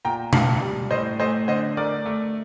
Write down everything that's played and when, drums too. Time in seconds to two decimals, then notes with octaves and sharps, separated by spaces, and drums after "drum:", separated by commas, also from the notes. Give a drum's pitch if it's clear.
0.05 A#2 G5 A#5
0.33 A#2 F5 A5, drum: tom B2
0.62 G3
0.91 A2 C5 D#5
1.20 A3 C5 D#5
1.48 D3 C5 D#5
1.77 A3 A#4 D5
2.06 A3